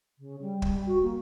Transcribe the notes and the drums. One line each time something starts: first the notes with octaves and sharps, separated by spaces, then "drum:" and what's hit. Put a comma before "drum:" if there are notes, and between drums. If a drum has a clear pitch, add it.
C#3
G3
drum: kick
F#4
A#3